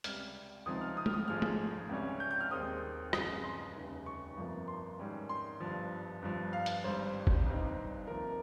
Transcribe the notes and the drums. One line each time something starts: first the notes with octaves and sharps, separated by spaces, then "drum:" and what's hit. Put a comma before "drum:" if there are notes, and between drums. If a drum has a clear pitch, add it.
C#2 C3 G3 F6, drum: hi-hat
C#2 C3 F3 C4 D#4 D#6
F6
D#6
F6, drum: tom G#3
D#6
G#1 G#2 F3 G#3 F6
drum: tom G#3
C#2 C3 G3 C#4
G6
G6
F6
D#2 D#3 G#3 C4 D#6
G1 F2 C#3 G#3 D#6, drum: rim click
C6
F1 D#2 C#3
C#6
G1 F2 C3 F3 A#3
C6
G#2 D#3 G3 C#4
C6
G1 G2 F3
G1 G2 F3
F5
drum: hi-hat
G#1 G2 G3 C5
drum: kick F#1
G1 G2 G3 C4 D#4
F1 F2 C3 F3 A#3 A#4